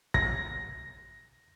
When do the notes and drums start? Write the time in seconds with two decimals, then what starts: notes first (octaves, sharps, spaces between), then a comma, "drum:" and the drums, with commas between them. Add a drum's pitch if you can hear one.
0.14 A#6, drum: kick